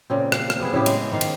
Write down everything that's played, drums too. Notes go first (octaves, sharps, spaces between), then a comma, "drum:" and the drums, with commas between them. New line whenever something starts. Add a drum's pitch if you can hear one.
A#2 C#3 C4
F5, drum: rim click
drum: rim click
C3 B3 G#4
A2 C#3 E4 G4
G#3, drum: cymbal
G#2 D#3 F5
drum: cymbal